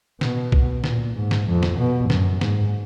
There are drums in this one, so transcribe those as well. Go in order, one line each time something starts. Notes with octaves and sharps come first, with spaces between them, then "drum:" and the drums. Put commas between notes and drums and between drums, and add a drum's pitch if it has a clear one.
B2, drum: snare
drum: kick C2
A#2, drum: snare
G#2
drum: snare
F2
drum: snare
B2
F#2, drum: snare
G#2, drum: snare